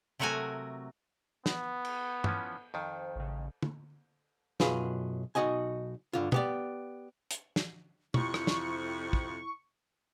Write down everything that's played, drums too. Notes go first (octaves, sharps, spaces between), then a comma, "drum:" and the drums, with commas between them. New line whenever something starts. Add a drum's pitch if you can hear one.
C3 F#3 A3 F#4 A#4 G#5
B3, drum: snare
drum: cymbal
E3 F3 C#4, drum: tom G2
F2 D#3 C5
A1 C#3
drum: tom
B1 F#2 F#3 F4 G#4 B4, drum: snare
B1 D#4 F#4 D#5 G#5
G2 D3 F4
B3 G4 D5, drum: tom
drum: hi-hat
drum: snare
F2 C3 E4 C#6, drum: tom
drum: rim click
drum: snare
drum: kick